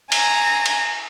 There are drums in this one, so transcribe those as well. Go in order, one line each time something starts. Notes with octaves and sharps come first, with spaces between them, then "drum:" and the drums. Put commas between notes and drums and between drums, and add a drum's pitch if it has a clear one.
G#5 A#5, drum: cymbal
drum: cymbal